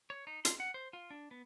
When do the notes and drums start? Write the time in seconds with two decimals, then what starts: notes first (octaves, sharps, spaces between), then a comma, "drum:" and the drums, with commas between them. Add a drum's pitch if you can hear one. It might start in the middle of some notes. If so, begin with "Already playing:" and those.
0.10 C#5
0.27 D#4
0.45 C6, drum: hi-hat
0.60 F#5
0.74 C5
0.93 F4
1.11 D4
1.31 B3